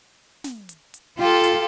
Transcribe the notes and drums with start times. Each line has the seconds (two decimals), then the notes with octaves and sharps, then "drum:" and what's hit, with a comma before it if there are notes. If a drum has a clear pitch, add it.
0.44 drum: snare
0.69 drum: hi-hat
0.94 drum: hi-hat
1.19 F4 G4 A4
1.44 drum: hi-hat